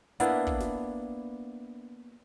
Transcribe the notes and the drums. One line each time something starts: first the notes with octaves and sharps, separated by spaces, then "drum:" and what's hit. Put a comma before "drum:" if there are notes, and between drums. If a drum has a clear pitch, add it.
A#3 B3 D4 E4, drum: hi-hat
drum: kick
drum: snare